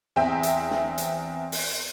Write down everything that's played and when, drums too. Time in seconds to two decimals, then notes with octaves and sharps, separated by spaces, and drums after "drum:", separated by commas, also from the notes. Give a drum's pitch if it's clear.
0.16 E2 C4 C5 E5 G5
0.43 drum: hi-hat
0.70 drum: snare
0.98 drum: hi-hat
1.52 drum: open hi-hat